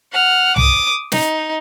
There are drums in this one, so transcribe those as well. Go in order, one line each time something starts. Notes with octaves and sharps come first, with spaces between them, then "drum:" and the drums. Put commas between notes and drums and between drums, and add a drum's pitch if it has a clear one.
F#5 F6
D6 D#6, drum: tom C2
D#4, drum: snare